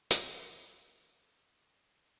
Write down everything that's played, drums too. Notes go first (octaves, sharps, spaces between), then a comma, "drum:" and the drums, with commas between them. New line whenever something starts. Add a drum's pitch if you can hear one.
drum: hi-hat
E4 F4 D5